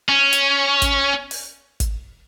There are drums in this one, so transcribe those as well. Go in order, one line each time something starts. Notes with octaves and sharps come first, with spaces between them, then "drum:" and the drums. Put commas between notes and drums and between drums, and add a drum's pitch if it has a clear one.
C#4
drum: hi-hat
drum: kick, hi-hat
drum: open hi-hat
drum: kick, hi-hat